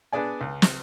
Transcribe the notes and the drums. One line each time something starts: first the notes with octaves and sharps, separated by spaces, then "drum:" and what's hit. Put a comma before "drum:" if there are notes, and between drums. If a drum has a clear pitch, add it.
B3 D4 G#4 D5 G#5
C#2
drum: snare